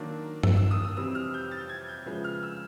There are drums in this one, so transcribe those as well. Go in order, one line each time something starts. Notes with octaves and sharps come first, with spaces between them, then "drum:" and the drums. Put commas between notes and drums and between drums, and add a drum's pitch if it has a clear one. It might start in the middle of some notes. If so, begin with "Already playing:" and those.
Already playing: D#3 F#3 A#3 D4
E6, drum: tom G2
E6
D#6
E6
F2 C3 E3 G3 C4 E6
F6
G6
A6
G#6
G6
C#3 F3 G#3 B3 E4
F6
E6